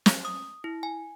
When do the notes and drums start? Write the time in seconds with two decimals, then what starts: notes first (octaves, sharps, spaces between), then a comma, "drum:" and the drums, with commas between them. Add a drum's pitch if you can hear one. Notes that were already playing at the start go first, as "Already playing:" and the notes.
0.06 drum: snare
0.25 D#6
0.64 E4
0.83 G#5